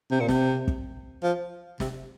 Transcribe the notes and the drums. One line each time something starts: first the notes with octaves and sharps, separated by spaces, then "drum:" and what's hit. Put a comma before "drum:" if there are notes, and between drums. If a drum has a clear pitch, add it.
C3
A#2
C3, drum: snare
drum: kick
F3
C3, drum: snare